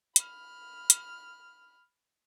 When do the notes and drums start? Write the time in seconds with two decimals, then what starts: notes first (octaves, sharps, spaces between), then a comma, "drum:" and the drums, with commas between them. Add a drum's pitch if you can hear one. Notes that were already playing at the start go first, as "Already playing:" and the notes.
0.16 B5 F6, drum: hi-hat
0.90 drum: hi-hat